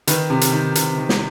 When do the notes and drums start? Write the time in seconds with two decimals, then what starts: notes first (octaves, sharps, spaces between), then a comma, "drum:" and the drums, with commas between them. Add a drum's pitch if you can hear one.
0.07 D#3 B4, drum: hi-hat
0.30 C3
0.41 drum: hi-hat
0.52 D#3
0.75 C3, drum: hi-hat
0.98 D#3
1.09 drum: snare